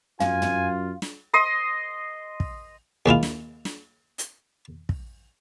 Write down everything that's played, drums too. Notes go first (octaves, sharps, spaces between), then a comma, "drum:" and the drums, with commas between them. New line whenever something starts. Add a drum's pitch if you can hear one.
F#2 F4 F5 G#5, drum: tom
drum: tom
drum: snare
D#5 C6 D#6
drum: kick
D#2 G#3 E4 F4
drum: snare
drum: snare
drum: hi-hat
drum: kick